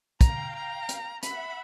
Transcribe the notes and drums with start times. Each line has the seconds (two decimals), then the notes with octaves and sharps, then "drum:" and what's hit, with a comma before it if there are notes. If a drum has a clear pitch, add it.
0.21 F5 G5 A#5, drum: kick, hi-hat
0.55 A#5
0.89 drum: hi-hat
1.23 E5 F#5 B5, drum: hi-hat